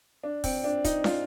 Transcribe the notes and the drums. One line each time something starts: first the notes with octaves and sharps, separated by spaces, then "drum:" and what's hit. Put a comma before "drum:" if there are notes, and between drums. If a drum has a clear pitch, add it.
D4
C4, drum: kick, open hi-hat
D4
D#4, drum: kick, hi-hat
F4, drum: snare